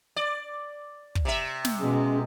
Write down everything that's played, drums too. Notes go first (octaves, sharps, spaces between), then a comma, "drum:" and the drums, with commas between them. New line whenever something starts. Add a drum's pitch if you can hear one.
D5
drum: kick
C3 E5
drum: snare
B2 G#3 C#4 G#4